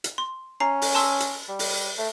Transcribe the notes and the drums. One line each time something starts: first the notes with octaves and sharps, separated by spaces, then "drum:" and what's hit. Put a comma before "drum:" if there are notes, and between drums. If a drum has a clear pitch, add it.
drum: hi-hat
C6
C#4 A#5 C7
drum: open hi-hat
A5 C6 E6
drum: hi-hat
G3
drum: open hi-hat
A3